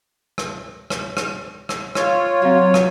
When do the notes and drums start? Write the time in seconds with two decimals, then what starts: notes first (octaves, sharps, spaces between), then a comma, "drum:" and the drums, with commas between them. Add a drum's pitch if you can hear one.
0.38 drum: rim click
0.90 drum: rim click
1.17 drum: rim click
1.69 drum: rim click
1.95 F4 C#5, drum: rim click
2.42 F#3 C4 F5
2.74 drum: rim click